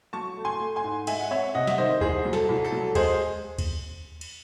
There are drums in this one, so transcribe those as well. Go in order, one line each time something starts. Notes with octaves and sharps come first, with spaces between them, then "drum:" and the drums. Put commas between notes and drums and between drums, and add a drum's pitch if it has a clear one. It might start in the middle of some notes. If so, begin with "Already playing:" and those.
F#3 A5 C#6
A3
G#5 C6
A3
G#5 C6
G#2
G#3 E5 G#5, drum: cymbal
F#5
C4 C#5 E5
C3 D#5 F#5
E5, drum: snare
D#3 C5 D#5
C2 G#4 C5, drum: kick D2
F#3
A4, drum: snare
C2
A4
F#3
G#3 G#4 C5, drum: kick D2, cymbal
drum: kick D2, cymbal
drum: cymbal